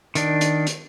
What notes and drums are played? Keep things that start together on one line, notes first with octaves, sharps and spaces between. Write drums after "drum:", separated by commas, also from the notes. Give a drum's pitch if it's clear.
D#3 D4, drum: hi-hat
drum: hi-hat
drum: hi-hat